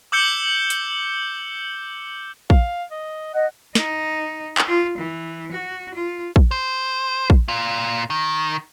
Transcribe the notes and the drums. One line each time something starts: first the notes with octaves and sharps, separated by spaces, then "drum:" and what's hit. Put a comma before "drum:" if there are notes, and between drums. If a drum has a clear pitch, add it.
D6 E6 G6 C#7 F#7 G7
drum: hi-hat
F5, drum: kick
D#5
D#5 F#5
D#4, drum: snare
drum: clap
F4
E3
F#4
F4
drum: kick
C5
drum: kick
A#2 F4
D#3